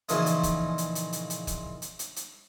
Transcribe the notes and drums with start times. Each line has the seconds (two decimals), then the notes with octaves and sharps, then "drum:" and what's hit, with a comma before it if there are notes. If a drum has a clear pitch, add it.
0.09 A#2 C#3 E3 F3 A#3 D#4, drum: hi-hat
0.26 drum: hi-hat
0.43 drum: kick, hi-hat
0.78 drum: hi-hat
0.95 drum: hi-hat
1.13 drum: hi-hat
1.30 drum: hi-hat
1.47 drum: kick, hi-hat
1.82 drum: hi-hat
1.99 drum: hi-hat
2.16 drum: hi-hat